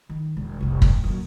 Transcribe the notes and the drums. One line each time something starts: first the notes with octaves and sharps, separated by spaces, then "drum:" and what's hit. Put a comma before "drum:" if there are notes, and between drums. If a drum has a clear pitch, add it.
D#3
E1
F1 C2
drum: kick
F#2 A#2